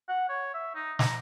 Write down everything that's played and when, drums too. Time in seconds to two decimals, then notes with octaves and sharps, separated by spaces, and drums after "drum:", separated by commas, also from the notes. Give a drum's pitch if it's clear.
0.09 F#5
0.29 C#5
0.54 E5
0.75 D#4
0.99 A#5, drum: snare